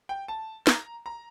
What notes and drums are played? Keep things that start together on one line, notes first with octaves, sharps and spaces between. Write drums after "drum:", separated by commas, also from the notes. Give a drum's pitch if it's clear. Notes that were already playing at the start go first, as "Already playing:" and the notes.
G5
A5
A#5, drum: snare
A#5